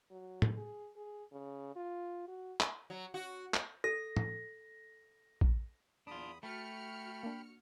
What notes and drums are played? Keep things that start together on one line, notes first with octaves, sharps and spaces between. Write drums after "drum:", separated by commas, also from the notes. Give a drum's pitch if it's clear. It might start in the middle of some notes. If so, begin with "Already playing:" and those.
F#3
drum: tom
G#4
G#4
C#3
F4
F#4
drum: clap
F#3
F#4
drum: clap
A4 A#6
drum: tom
drum: kick
E2 D4 F4 B5 D#6
A3 F#4 G5 B5 F6 C#7
A#3 D4